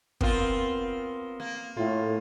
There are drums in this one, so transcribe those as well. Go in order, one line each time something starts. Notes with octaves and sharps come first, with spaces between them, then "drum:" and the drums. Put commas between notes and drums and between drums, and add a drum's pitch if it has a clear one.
B3 C4 F4 A#4, drum: kick
A#3
A2 F4